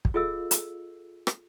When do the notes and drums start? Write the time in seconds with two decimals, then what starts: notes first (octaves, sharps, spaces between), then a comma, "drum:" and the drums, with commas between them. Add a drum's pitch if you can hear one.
0.05 drum: kick
0.14 F4 G#4 A4 D#5 F5 E6
0.51 drum: hi-hat
1.27 drum: rim click